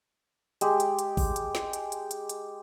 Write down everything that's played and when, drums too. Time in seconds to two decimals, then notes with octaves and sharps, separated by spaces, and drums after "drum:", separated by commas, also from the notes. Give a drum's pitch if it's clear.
0.61 G#3 G4, drum: hi-hat
0.80 drum: hi-hat
0.99 drum: hi-hat
1.17 drum: kick A1, open hi-hat
1.36 drum: hi-hat
1.55 drum: snare
1.73 drum: hi-hat
1.92 drum: hi-hat
2.11 drum: hi-hat
2.29 drum: hi-hat